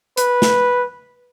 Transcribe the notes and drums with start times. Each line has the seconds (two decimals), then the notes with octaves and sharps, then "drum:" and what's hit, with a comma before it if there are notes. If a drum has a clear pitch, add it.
0.17 B4, drum: hi-hat
0.42 drum: snare